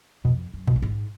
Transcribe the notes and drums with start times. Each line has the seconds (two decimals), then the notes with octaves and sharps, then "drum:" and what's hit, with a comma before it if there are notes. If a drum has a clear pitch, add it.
0.25 F2 B2
0.53 F#2
0.67 B2, drum: kick
0.76 F#2
0.82 G#2